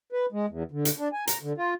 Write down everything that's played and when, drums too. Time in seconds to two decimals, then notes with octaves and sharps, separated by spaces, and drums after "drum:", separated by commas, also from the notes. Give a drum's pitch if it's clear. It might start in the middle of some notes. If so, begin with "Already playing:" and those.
0.13 B4
0.32 G#3
0.49 E2
0.71 D3
0.85 drum: hi-hat
0.99 D4
1.13 G#5
1.27 A#5, drum: hi-hat
1.42 D3
1.57 F4